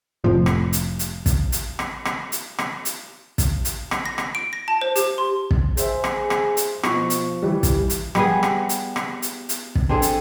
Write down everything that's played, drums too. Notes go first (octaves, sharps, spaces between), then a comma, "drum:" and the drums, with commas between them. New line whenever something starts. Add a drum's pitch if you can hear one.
F1 A2 C3 F3
drum: rim click
drum: hi-hat
drum: hi-hat
drum: kick, hi-hat
drum: hi-hat
drum: rim click
drum: rim click
drum: hi-hat
drum: rim click
drum: hi-hat
drum: kick, hi-hat
drum: hi-hat
drum: rim click
A#6
drum: rim click
D7
A#6
A5
C5
G4, drum: hi-hat
C6
drum: kick
G#4 C5 E5, drum: hi-hat
drum: rim click
drum: rim click
drum: hi-hat
B2 F3 C#6, drum: rim click
drum: hi-hat
E3 G3
drum: kick, hi-hat
drum: hi-hat
G3 B3 G#4, drum: rim click
drum: rim click
drum: hi-hat
drum: rim click
drum: hi-hat
drum: hi-hat
drum: kick
C4 D4 G#4 A4
drum: hi-hat